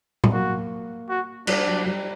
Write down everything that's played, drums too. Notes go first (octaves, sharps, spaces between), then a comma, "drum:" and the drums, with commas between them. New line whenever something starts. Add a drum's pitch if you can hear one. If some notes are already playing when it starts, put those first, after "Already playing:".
G3, drum: tom A2
A#3 F#4
F#4
G3 D4, drum: cymbal
F#3
G3